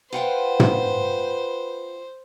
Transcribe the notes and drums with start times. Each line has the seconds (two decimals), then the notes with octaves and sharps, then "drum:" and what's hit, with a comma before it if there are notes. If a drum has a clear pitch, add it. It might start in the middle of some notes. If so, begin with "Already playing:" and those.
0.13 F4 B4 C5 F#5 G5
0.60 drum: tom